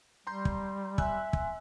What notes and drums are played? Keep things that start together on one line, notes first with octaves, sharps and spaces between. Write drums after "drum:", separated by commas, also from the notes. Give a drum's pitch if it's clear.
G3 A#5 C6 G6
drum: kick
E5 G#5 C6 E6 F#6, drum: kick
drum: kick